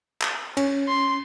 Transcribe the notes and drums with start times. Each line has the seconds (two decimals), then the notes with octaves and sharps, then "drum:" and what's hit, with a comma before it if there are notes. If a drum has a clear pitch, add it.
0.21 drum: clap
0.57 C#4, drum: cymbal
0.88 C6